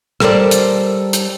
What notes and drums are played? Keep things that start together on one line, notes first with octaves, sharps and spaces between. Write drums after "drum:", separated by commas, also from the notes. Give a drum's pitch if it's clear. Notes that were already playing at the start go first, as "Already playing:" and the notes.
G3 A4 A#4 C5 D5, drum: rim click
drum: hi-hat
drum: hi-hat